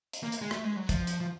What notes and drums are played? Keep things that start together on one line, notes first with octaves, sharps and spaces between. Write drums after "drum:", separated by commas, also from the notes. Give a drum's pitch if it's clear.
drum: hi-hat
A#3
drum: hi-hat
G#3
A3, drum: rim click
G#3
F#3
F3, drum: kick, hi-hat
drum: hi-hat
F3